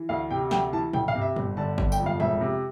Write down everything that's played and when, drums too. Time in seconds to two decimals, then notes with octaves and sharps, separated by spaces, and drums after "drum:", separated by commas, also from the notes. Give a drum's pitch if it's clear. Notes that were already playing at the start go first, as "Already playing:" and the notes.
Already playing: E3
0.09 D2 F5
0.31 C3 G5
0.51 D2 G5, drum: snare
0.73 E3 A5
0.93 D2 G5, drum: tom
1.08 F5, drum: tom G2
1.15 C3
1.21 E5
1.36 G1, drum: tom
1.57 D3 A5
1.78 G1, drum: kick G#1
1.92 G5, drum: tambourine
1.99 F2
2.06 F5, drum: tom
2.20 E1 E5, drum: tom
2.41 C3